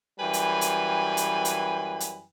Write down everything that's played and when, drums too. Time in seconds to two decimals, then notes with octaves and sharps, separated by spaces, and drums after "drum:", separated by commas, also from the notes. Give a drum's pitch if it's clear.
0.19 F#2 E3 G3 B4 G5 G#5
0.33 drum: hi-hat
0.61 drum: hi-hat
1.17 drum: hi-hat
1.45 drum: hi-hat
2.00 drum: hi-hat